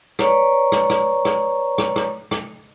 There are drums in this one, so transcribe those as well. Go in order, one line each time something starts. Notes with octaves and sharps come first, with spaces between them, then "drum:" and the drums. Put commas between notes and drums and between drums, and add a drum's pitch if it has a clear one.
B4 C#5 D5 A#5 C#6, drum: rim click
drum: rim click
drum: rim click
drum: rim click
drum: rim click
drum: rim click
drum: rim click